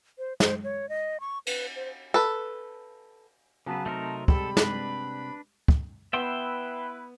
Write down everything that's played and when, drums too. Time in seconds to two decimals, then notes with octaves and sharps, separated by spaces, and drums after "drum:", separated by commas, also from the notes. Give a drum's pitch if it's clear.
0.18 C5
0.40 C5, drum: snare
0.64 C#5
0.89 D#5
1.20 C#6
1.47 B4, drum: cymbal
1.76 C5
2.14 A4 B4
3.66 C#3 F#3 B3 B4 A5
3.86 C3 A3 C4 D#4 A#4
4.28 G3 G#3 G4 A4 B5, drum: kick
4.57 D4 B4, drum: snare
5.68 drum: kick
6.13 B3 E4 B4 E5 G5 C6